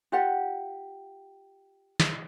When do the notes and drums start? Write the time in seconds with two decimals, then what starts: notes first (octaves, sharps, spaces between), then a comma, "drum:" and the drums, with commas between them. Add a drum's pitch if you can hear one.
0.12 F4 G4 F#5
2.00 drum: snare